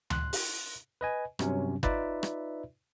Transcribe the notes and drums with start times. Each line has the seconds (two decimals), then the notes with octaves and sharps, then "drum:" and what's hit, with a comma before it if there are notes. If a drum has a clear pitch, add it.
0.10 C6 F#6, drum: tom D2
0.33 drum: open hi-hat
1.01 B4 D#5 G#5
1.39 G2 C3 F#3 C#4, drum: rim click
1.83 D#4 F4 B4 D5 E5, drum: kick
2.23 drum: rim click